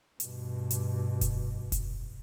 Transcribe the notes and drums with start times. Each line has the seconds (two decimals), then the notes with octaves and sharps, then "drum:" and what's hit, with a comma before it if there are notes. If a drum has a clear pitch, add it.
0.20 G2 B2, drum: hi-hat
0.71 drum: hi-hat
1.21 drum: kick F1, hi-hat
1.72 drum: kick F1, hi-hat